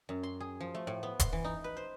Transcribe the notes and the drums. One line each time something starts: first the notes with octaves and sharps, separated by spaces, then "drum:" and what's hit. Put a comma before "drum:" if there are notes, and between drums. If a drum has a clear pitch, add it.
F#2
C6
G#4
F3
A3
A2
B3
C6, drum: kick D#1, hi-hat
E3
D#4
B4
C5